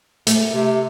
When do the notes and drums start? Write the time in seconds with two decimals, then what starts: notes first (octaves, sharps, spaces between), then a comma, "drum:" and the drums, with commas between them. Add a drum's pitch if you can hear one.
0.27 A3, drum: hi-hat
0.54 C3